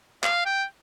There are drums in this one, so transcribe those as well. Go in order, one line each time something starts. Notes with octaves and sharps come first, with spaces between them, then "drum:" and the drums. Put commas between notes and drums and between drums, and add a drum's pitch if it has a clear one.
F5, drum: clap
G5